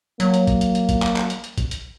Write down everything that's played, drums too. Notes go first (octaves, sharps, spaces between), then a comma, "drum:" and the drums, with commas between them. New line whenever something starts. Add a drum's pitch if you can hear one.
F#3 A#3, drum: hi-hat
drum: hi-hat
drum: kick G#1, hi-hat
drum: hi-hat
drum: hi-hat
drum: kick G#1, hi-hat
drum: clap
drum: clap
drum: hi-hat
drum: hi-hat
drum: kick G#1, hi-hat
drum: hi-hat